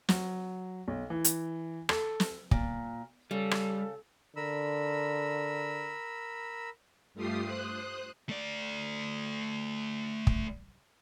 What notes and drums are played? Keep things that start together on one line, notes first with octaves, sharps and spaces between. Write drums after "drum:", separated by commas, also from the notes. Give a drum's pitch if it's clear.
F#3, drum: snare
B1
E3
drum: hi-hat
A4, drum: rim click
drum: snare
A#2, drum: kick
C#3 G3 A4
drum: rim click
D3 A#4 B5 E6
G2 A3 F4 G4 D#6 C7
C5 D#6 F#6
A3 D5
drum: kick